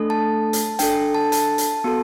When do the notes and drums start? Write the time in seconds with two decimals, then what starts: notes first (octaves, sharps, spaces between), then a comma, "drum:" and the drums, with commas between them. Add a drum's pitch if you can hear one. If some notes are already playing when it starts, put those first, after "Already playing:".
Already playing: A3 D4 A4
0.10 A5
0.53 drum: hi-hat
0.79 D4 A4 G5, drum: hi-hat
1.15 A5
1.32 A5, drum: hi-hat
1.58 drum: hi-hat
1.84 B3 F#4 A4